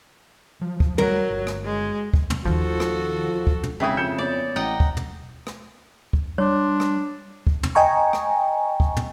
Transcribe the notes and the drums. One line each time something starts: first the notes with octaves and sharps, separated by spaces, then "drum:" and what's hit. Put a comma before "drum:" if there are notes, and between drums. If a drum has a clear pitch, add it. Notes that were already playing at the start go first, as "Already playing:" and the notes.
F3 F#3
drum: kick
F#3 G3 A#4, drum: tom
G1
drum: rim click
G#3
drum: kick
drum: tom
D#2 D#3 F3 F#4 A4
drum: rim click
drum: kick
drum: tom
G#1 C#3 E4 E5 G5 D#6 B6
F2 G6 C#7 E7
A#3 B3 C#5 D5
A1 D#5 F#5 G5 A#5
drum: kick
drum: tom
drum: rim click
drum: kick
G3 D4 C#5 C6 D6
drum: rim click
drum: kick
drum: tom
D#5 G5 G#5 A#5 C#6
drum: rim click
drum: kick
drum: tom